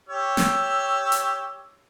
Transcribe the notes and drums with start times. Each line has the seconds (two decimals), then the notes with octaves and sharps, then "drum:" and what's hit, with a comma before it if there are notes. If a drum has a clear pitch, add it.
0.09 G4 C#5 E6
0.37 drum: snare
1.12 drum: hi-hat